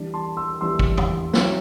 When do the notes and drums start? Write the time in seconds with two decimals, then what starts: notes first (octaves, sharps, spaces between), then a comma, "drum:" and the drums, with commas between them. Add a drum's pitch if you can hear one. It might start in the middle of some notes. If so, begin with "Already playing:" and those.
Already playing: E3 G3 D4
0.14 A5 C6
0.37 C6 E6
0.61 E3 G3 D4 C6 E6
0.79 drum: kick
0.97 drum: tom E2
1.34 F#3 C4 E4, drum: snare